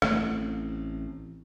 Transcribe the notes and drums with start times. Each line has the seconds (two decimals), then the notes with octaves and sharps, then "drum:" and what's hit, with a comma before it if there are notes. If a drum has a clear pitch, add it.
0.02 A1 A3 C4, drum: rim click